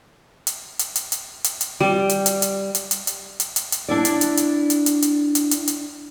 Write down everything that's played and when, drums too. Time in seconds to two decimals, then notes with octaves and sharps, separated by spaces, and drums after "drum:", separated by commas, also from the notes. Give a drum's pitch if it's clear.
0.47 drum: hi-hat
0.79 drum: hi-hat
0.96 drum: hi-hat
1.12 drum: hi-hat
1.44 drum: hi-hat
1.61 drum: hi-hat
1.80 G3
2.09 drum: hi-hat
2.26 drum: hi-hat
2.42 drum: hi-hat
2.75 drum: hi-hat
2.91 drum: hi-hat
3.07 drum: hi-hat
3.40 drum: hi-hat
3.56 drum: hi-hat
3.72 drum: hi-hat
3.89 D4 E4 D5
4.05 drum: hi-hat
4.21 drum: hi-hat
4.37 drum: hi-hat
4.70 drum: hi-hat
4.86 drum: hi-hat
5.02 drum: hi-hat
5.35 drum: hi-hat
5.51 drum: hi-hat
5.68 drum: hi-hat